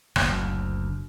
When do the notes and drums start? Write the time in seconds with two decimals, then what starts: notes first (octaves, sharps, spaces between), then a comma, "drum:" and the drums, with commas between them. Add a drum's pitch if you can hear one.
0.16 F#1 D2, drum: rim click